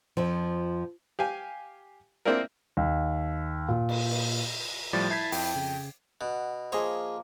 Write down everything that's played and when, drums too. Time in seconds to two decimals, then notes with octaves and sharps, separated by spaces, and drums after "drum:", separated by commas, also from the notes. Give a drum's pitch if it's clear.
0.17 F2 F3
1.19 G4 F5 G#5
2.25 A#3 C4 D4 E4 F4 A#4
2.77 D#2
3.68 A#2
3.89 drum: cymbal
4.11 drum: cymbal
4.93 A2 F3 G3 D5 A6
5.10 E4 A5 G6 G#6 B6 C7
5.32 F2 G5, drum: open hi-hat
5.55 C#3
6.21 B2 F#5
6.72 F3 A#3 G#4 C5 C#5 D#5